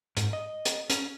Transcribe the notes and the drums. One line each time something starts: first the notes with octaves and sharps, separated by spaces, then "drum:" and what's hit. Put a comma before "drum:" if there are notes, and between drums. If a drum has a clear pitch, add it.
G#2, drum: hi-hat
D#5
drum: hi-hat
C#4, drum: hi-hat